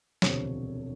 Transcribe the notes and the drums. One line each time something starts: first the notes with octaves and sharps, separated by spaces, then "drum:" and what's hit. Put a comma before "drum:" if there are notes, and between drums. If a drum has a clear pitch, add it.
E1 D2 C3 F3 C#5, drum: snare